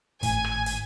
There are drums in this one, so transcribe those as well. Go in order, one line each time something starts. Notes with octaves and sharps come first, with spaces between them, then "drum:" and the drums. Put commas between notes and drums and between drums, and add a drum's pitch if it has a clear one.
G#1 A2 G#5, drum: kick, hi-hat
drum: rim click
drum: hi-hat